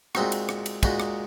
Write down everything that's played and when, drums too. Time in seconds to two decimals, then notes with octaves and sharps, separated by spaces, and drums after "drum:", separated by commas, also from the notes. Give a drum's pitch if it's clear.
0.15 A#2 G#3 C4 D#4 F#4, drum: rim click
0.32 drum: cymbal
0.49 drum: rim click
0.66 drum: cymbal
0.83 A#2 G#3 D#4 F#4, drum: kick, cymbal
1.00 drum: rim click